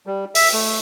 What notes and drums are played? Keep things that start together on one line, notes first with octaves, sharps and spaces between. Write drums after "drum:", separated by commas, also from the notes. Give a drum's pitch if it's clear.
G3
E5, drum: open hi-hat
A3